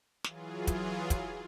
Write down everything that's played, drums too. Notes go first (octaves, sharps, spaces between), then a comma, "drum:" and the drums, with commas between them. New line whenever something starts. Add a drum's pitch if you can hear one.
E3 F#3 F4 G#4, drum: snare
drum: kick, hi-hat
drum: kick, hi-hat